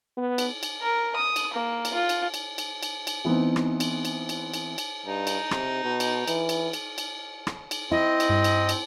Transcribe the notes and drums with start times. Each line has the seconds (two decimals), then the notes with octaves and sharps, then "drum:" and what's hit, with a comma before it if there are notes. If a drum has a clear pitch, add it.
0.17 B3
0.38 drum: cymbal
0.63 drum: cymbal
0.82 A#4
1.16 D#6
1.36 drum: cymbal
1.54 A#3
1.85 drum: cymbal
1.94 F4
2.09 drum: cymbal
2.34 drum: cymbal
2.58 drum: cymbal
2.83 drum: cymbal
3.07 drum: cymbal
3.25 E3 B3 C4 D#4
3.56 drum: rim click
3.80 drum: cymbal
4.05 drum: cymbal
4.29 drum: cymbal
4.54 drum: cymbal
4.78 drum: cymbal
5.06 G2 D#4
5.27 drum: cymbal
5.51 C3, drum: rim click
5.84 B2
6.00 drum: cymbal
6.28 E3, drum: cymbal
6.49 drum: cymbal
6.73 drum: cymbal
6.98 drum: cymbal
7.47 drum: rim click
7.71 drum: cymbal
7.91 C4 E4 D#5
8.20 drum: cymbal
8.30 G2
8.44 drum: cymbal
8.69 drum: cymbal